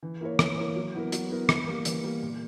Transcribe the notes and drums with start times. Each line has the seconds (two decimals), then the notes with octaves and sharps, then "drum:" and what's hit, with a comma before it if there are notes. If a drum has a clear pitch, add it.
0.03 E3
0.21 A#3 E4 A#4 C#5
0.39 E3, drum: rim click
0.57 A#3 E4 A#4 C#5
0.76 F#3
0.94 B3 E4 A#4
1.12 F#3, drum: hi-hat
1.30 B3 E4 A#4
1.49 E3, drum: rim click
1.67 G3 A#3
1.85 E3, drum: hi-hat
2.04 G3 A#3
2.22 A#2